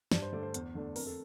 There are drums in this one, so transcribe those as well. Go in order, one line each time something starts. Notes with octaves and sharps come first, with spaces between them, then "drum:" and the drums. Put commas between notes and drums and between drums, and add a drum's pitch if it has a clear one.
G2 D5, drum: snare
C5
D3 A3 D4 D5
C5
E2, drum: hi-hat
D3 A3 D4
F2 A#4, drum: open hi-hat
A4